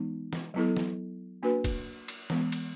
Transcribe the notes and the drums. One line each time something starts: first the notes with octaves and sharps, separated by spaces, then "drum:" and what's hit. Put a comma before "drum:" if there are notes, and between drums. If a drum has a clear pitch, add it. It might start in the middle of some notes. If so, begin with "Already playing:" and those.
Already playing: E3 G#3 B3 D#4
drum: snare
F#3 B3 E4 A4
drum: snare
A#3 D4 F#4 B4
drum: kick, cymbal
drum: cymbal
E3 G#3 B3, drum: snare
drum: cymbal